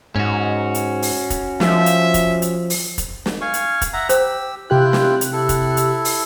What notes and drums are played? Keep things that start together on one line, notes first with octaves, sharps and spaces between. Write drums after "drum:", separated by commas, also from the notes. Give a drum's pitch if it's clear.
G#2 C#4 F#4
drum: hi-hat
drum: open hi-hat
drum: kick, hi-hat
F3 E5, drum: snare
drum: hi-hat
drum: kick, hi-hat
drum: hi-hat
drum: open hi-hat
drum: kick, hi-hat
drum: snare
F5 G#5 C#6
drum: hi-hat
drum: kick, hi-hat
E5 F#5 A#5
G4 C5 E6, drum: hi-hat
C3 E4 F4 G4 G5 F#6
drum: snare
drum: hi-hat
E4 A4
drum: kick, hi-hat
drum: hi-hat
drum: open hi-hat